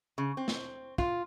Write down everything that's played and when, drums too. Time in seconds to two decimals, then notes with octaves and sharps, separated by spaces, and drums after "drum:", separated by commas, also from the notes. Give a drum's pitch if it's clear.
0.18 C#3
0.37 C4
0.48 drum: snare
0.98 F4, drum: kick